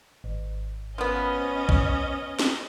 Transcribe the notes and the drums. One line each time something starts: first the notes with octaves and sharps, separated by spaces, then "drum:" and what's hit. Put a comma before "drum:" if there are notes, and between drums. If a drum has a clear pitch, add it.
G#1
F3 B3 C#4 D#5
C5
drum: kick
drum: snare